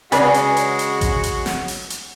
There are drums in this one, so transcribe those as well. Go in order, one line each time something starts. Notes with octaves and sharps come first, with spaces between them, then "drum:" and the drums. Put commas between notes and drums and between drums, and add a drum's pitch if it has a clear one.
C#3 G#3 C#4 F#4 G#4 B4 D5 B5, drum: hi-hat
drum: hi-hat
drum: hi-hat
drum: hi-hat
drum: kick A1, hi-hat
drum: hi-hat
drum: snare
drum: open hi-hat
drum: hi-hat